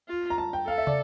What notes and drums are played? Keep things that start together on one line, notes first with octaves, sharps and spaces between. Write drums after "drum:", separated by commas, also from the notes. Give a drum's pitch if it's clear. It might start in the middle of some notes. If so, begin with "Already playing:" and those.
F4
A#5
A5
G5
A4 F5
E5
D5, drum: tom